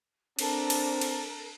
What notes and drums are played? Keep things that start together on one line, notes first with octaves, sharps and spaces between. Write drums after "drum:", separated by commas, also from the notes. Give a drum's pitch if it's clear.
C4 D4 A4 A#4 A#5, drum: cymbal
drum: cymbal
drum: cymbal